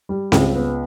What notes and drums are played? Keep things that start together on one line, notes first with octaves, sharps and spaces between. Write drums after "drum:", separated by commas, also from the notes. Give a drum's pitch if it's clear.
G3
C#2, drum: snare C4
B3